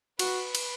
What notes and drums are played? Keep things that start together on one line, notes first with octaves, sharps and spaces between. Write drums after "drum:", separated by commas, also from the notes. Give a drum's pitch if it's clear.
F#4 B4, drum: cymbal
drum: cymbal